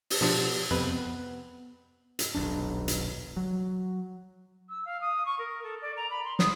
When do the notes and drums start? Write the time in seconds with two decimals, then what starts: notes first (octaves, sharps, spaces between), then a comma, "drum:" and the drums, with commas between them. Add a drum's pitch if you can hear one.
0.10 drum: open hi-hat
0.21 B2 F3 D4 G4
0.71 F2 C3 B3 B4
2.19 drum: hi-hat
2.34 D#1 B1 F#2 D4
2.88 drum: hi-hat
3.37 F#3
4.69 E6
4.85 F5
5.01 D#6
5.26 C#6
5.39 A#4
5.63 A4
5.82 D5
5.97 A#5
6.10 B5
6.25 C6
6.39 D#6, drum: snare